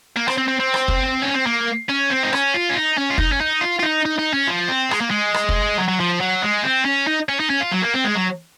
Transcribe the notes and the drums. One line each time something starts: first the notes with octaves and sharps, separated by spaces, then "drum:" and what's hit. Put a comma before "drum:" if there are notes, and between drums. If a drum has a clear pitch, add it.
A#3
C4, drum: rim click
C4
C4
C4
drum: rim click
drum: kick
C#4
C4
A#3
C#4
C4
D#4
C#4, drum: rim click
F4
C#4
D#4
C#4
F4
D#4, drum: kick
C#4
D#4
F4
F4
D#4
D#4
D#4
C#4
F3
C4
G#3, drum: rim click
A#3
G#3
drum: rim click
drum: kick
F#3
F#3
F3
F#3
G#3
C4
C#4
D#4
C#4
D#4
C#4
F4
F#3
A#3
C4
G#3
F#3